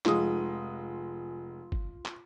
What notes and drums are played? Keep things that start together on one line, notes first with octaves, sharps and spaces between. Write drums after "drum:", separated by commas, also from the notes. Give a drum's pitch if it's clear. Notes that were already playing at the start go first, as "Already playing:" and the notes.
F1 G#3 F4 D#6, drum: clap
drum: kick
drum: clap